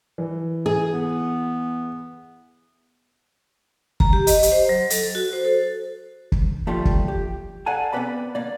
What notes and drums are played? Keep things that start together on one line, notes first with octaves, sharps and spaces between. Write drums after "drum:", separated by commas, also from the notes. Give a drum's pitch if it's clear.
E3
G#4
B3
A#5, drum: kick
G4
D#5, drum: hi-hat
drum: hi-hat
C5
F#3
A4, drum: hi-hat
F#4
C5
A4
drum: kick
F3 G3 A3 A#3 F4
drum: kick
G4
A4 D5 F5 F#5 G#5 A5
B3 C4 A#4 B4 D5 B5
A#3 D5